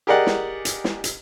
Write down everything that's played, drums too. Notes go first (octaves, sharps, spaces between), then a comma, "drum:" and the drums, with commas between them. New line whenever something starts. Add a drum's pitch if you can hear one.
G4 G#4 A#4 D5 D#5 F#5
drum: snare
drum: hi-hat
drum: snare
drum: hi-hat